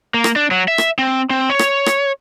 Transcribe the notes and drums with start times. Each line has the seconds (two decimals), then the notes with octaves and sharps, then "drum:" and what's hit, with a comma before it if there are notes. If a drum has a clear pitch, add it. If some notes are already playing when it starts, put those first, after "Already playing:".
0.14 A#3
0.24 drum: rim click
0.36 D4
0.51 F#3
0.68 E5
0.78 drum: rim click
0.99 C4
1.30 C4
1.50 C#5
1.59 drum: rim click
1.86 drum: rim click